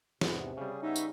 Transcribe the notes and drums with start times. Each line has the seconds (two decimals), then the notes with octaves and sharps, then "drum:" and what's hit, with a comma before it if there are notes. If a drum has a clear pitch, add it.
0.21 E2 G#2 C3 B3, drum: snare
0.57 C#3 G3 G#4
0.82 B3 D#4 C#5 E5
0.96 drum: tambourine